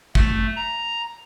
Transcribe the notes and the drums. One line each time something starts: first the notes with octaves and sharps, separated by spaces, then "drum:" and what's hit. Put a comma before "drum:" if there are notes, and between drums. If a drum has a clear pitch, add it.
A3, drum: kick G1
A#5